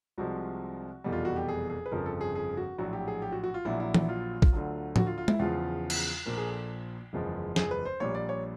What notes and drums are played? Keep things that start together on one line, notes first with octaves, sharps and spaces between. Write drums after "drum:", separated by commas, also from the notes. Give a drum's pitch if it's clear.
C2 C3 F3 G#3 F#4
F1 E2 B2 G3
F4
F#4
G4
G#4
G#4
B4
G1 F2 C#3 F3 A#4
A4
G#4
G#4
F#4
A#1 A2 F#3 F#4
G4
G#4
G4
F#4
F#4
F4
A#1 A#2 F#3 E4
E4
E4, drum: tom E3
F4
drum: kick
D2 D3 F#3
F#4, drum: tom A2
F4
F4
E4, drum: tom G#3
E2 C#3 F3 F4
drum: cymbal
A#1 A#2 F3 A#4
G#4
A4
F#1 E2 C#3 F3 G#3
G#4, drum: snare
B4
C5
A#1 A#2 G3 C#5
D5
C#5